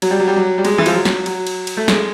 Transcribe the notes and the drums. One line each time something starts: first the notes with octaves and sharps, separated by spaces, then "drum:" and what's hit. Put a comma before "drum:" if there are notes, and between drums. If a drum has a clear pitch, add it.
F#3, drum: cymbal
G3
F#3
G3
F#3
G3
G#3, drum: cymbal
E3
F3, drum: cymbal
F#3
drum: snare
F#3, drum: cymbal
drum: cymbal
drum: cymbal
A3
G#3, drum: snare